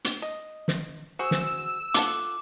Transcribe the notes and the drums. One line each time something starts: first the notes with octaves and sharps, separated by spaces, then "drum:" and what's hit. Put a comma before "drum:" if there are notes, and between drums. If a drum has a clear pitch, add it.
drum: hi-hat
D#5
drum: snare
F#4 G#4 C5 E6
drum: snare
F4 A4 F#5 D6, drum: hi-hat